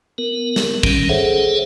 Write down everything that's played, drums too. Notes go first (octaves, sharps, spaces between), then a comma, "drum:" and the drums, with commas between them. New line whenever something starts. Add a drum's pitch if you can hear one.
B3 A#4
drum: snare
D#3 G3 C#4, drum: kick
G#4 A4 C5 C#5 E5 F#5